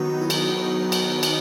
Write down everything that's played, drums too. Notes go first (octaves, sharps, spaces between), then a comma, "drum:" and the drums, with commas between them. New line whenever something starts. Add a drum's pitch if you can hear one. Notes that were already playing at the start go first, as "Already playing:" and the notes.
Already playing: D#3 F#3 B3 D#4 F#4
E4
F#4, drum: cymbal
drum: cymbal
drum: cymbal